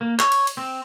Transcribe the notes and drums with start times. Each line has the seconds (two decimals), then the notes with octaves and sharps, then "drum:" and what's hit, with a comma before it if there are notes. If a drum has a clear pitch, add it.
0.01 A#3
0.19 C#5, drum: clap
0.32 drum: cymbal
0.47 drum: cymbal
0.57 C4